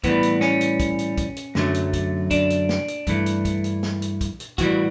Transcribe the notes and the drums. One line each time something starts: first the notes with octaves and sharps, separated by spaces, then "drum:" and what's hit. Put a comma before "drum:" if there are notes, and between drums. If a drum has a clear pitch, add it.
A2 E3 G3 B3, drum: kick, hi-hat
drum: hi-hat
C#4, drum: snare
drum: hi-hat
drum: kick, hi-hat
drum: hi-hat
drum: kick, hi-hat
drum: hi-hat
F#2 D3 F#3 A3, drum: snare
drum: hi-hat
drum: kick, hi-hat
D4, drum: kick, hi-hat
drum: hi-hat
drum: snare
drum: hi-hat
G2 E3 A3, drum: kick, hi-hat
drum: hi-hat
drum: kick, hi-hat
drum: hi-hat
drum: snare
drum: hi-hat
drum: kick, hi-hat
drum: hi-hat
A2 E3 G3 F#4, drum: kick, hi-hat